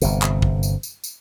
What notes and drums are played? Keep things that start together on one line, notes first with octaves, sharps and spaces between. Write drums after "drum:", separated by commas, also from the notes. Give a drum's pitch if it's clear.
G1 C3, drum: tambourine
drum: clap
drum: kick
drum: tambourine
drum: tambourine
drum: tambourine